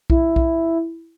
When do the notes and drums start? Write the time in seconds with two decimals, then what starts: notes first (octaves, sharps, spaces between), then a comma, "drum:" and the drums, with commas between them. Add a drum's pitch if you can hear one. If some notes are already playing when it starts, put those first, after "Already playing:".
0.10 E4, drum: kick B1
0.36 drum: kick B1